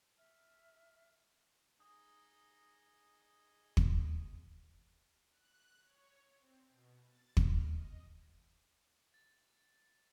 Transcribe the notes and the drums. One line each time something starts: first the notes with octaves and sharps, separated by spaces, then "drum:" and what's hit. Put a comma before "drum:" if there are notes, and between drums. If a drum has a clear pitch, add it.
E5 F6
D#4 G#4 D#6
drum: kick
F#6
C#5
C4
B2
A6
F6, drum: kick
D#5
A6